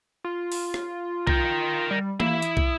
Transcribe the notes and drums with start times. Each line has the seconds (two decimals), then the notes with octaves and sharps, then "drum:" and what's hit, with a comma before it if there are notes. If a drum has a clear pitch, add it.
0.24 F4
0.52 drum: open hi-hat
0.74 drum: rim click
1.27 A#4 G5, drum: kick
1.91 G3
2.20 A#3 E4, drum: tom E3
2.42 D#6, drum: hi-hat
2.57 drum: kick